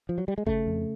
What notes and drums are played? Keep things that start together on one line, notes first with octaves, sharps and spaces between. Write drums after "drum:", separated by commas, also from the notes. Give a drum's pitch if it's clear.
F3
F#3
G3
G#3
C#3 A3, drum: kick G#1
F2